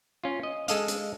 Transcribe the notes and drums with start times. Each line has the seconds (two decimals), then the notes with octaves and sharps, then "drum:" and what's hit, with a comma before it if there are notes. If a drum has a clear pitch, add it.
0.24 C#4 F4
0.43 D#5
0.68 G#3 A4 D#5 F5, drum: hi-hat
0.88 drum: hi-hat